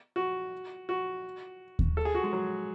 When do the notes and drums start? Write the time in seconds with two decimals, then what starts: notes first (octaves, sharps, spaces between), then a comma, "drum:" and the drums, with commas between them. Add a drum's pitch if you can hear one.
0.16 F#4
0.89 F#4
1.79 drum: kick D#2
1.97 A4
2.05 G#4
2.15 F#4
2.24 G#3
2.33 F#3